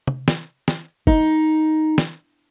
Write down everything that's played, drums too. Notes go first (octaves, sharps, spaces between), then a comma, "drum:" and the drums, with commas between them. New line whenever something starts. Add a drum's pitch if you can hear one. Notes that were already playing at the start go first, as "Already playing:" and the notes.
drum: tom
drum: snare
drum: snare
D#4, drum: kick
drum: snare